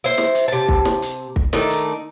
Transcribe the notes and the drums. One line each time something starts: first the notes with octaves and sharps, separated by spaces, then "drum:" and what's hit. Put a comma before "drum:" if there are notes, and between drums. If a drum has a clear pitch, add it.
E4 C5
drum: snare
drum: hi-hat
C3 A5
drum: kick
drum: snare
drum: hi-hat
drum: kick
D#3 A3 D4 D#4, drum: snare
drum: hi-hat